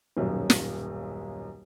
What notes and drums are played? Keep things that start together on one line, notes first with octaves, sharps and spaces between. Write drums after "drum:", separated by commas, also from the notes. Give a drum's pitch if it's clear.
D#1 B1 F#2
drum: snare